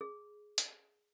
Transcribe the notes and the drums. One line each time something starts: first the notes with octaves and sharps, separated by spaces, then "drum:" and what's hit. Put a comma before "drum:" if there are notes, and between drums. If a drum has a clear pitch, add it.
G#4
drum: hi-hat